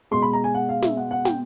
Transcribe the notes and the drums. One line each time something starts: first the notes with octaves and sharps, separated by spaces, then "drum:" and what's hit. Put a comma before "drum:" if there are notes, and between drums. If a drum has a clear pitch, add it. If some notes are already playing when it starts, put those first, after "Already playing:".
B2 G#3 C6
B5
A#5
G#5
F#5
F5
E5, drum: snare
F#5
F#5
G5, drum: snare